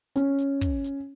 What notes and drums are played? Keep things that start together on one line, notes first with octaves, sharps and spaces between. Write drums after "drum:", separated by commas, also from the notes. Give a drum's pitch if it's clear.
C#4, drum: hi-hat
drum: hi-hat
drum: kick, hi-hat
drum: hi-hat